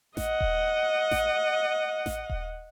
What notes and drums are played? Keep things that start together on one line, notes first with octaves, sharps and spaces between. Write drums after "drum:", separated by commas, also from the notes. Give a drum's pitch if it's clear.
D#5 F#5, drum: snare A1
drum: kick D#1
drum: snare A1
drum: snare A1
drum: kick D#1